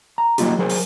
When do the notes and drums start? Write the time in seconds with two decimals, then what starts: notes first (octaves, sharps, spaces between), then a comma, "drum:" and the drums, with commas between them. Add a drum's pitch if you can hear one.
0.18 A#5
0.38 F#3 A3 A#3 D#4 F4 G4, drum: hi-hat
0.59 F#3 G#4 A#4 C5
0.70 drum: open hi-hat